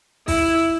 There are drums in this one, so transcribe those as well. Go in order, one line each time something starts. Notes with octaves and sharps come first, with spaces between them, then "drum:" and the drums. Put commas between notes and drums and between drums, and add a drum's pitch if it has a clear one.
E4, drum: kick, open hi-hat